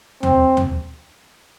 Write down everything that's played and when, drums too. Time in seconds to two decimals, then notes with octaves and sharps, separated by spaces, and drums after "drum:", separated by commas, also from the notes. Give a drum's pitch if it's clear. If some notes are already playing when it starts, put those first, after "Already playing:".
0.23 C4, drum: tom D#2
0.57 drum: tom D#2